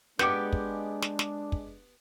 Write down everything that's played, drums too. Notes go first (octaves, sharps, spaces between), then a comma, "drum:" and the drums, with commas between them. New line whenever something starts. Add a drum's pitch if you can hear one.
G#3 B3 D4 G4 D6 G6, drum: snare
drum: kick
drum: snare
drum: snare
drum: kick